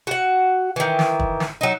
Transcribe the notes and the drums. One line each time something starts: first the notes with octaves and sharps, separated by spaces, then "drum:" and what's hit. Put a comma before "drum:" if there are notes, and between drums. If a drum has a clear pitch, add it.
F#4 F#5
D#3 E3
drum: snare
drum: kick
drum: snare
F#3 D#4